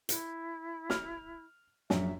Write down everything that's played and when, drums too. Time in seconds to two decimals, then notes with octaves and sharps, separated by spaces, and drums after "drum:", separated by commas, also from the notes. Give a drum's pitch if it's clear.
0.09 E4, drum: hi-hat
0.90 F6, drum: snare
1.90 A#1 F#2 E5, drum: snare